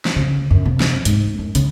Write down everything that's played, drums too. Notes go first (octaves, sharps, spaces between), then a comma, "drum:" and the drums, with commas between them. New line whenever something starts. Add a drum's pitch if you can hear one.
drum: snare
C#3
F#2
C3
drum: snare
G#2, drum: hi-hat
F#2
C#3, drum: hi-hat